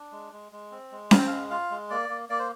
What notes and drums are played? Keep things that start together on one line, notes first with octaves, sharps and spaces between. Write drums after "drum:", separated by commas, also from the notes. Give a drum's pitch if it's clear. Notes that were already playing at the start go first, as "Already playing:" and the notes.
Already playing: D4
G#3
G#3
G#3
C4
G#3
C4 F5, drum: snare C#4
G5
G#3 F5
F4 F5
G#3
A#3 D5
A#3
A#3 D5
C5